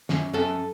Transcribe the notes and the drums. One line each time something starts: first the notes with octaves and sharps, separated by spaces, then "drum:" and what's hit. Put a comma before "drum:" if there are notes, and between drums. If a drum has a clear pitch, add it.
F#2, drum: snare
F#2 A4